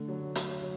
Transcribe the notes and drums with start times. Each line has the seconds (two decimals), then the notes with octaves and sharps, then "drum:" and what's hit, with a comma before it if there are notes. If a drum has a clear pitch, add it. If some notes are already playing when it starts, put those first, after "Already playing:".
Already playing: D3 A3
0.08 F#3
0.35 F#3, drum: hi-hat
0.61 F#3